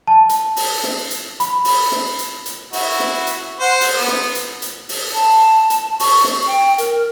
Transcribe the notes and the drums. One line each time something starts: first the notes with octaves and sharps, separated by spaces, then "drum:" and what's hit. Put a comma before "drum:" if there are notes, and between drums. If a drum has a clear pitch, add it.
A5
drum: hi-hat
drum: open hi-hat
drum: snare
drum: hi-hat
B5, drum: hi-hat
drum: open hi-hat
drum: snare
drum: hi-hat
drum: hi-hat
E4 F#4, drum: open hi-hat
drum: snare
drum: hi-hat
C5 F#5
drum: open hi-hat
B3
drum: snare
drum: hi-hat
drum: hi-hat
drum: open hi-hat
A5
drum: hi-hat
C#6, drum: open hi-hat
drum: snare
G5
A#4, drum: hi-hat